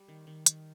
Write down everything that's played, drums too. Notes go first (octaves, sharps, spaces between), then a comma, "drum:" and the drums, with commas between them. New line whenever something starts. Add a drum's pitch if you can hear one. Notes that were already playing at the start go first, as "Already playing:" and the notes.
Already playing: G3
D#3
D#3
D#3, drum: hi-hat